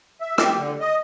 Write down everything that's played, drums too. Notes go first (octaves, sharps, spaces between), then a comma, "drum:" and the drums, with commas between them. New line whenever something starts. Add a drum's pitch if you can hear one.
E5
G4, drum: rim click
D3
D#5